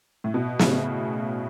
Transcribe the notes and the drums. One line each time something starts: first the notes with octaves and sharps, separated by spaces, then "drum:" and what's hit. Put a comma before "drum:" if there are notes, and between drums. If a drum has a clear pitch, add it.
A2
B2
A2 C#3, drum: snare